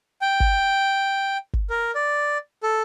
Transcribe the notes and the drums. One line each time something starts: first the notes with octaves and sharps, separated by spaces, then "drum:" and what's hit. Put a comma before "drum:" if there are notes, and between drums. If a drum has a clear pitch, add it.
G5
drum: kick G1
drum: kick G1
A#4
D5
A4